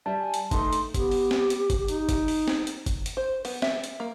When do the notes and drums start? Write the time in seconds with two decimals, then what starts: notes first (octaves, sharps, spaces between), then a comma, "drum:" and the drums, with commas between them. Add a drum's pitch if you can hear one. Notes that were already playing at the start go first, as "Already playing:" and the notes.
0.06 G3 E5 A5
0.20 G#5
0.34 drum: hi-hat
0.51 A3 D#4 C6, drum: kick G1, hi-hat
0.73 drum: hi-hat
0.94 B3 G4, drum: kick G1, hi-hat
1.11 drum: open hi-hat
1.31 drum: snare
1.50 drum: hi-hat
1.70 drum: kick G1, hi-hat
1.88 D#4, drum: hi-hat
2.09 drum: kick G1, hi-hat
2.28 drum: open hi-hat
2.48 drum: snare
2.67 drum: hi-hat
2.86 drum: kick G1, hi-hat
3.06 drum: hi-hat
3.17 C5
3.45 B3, drum: open hi-hat
3.62 E5, drum: snare
3.84 drum: hi-hat
4.00 A#3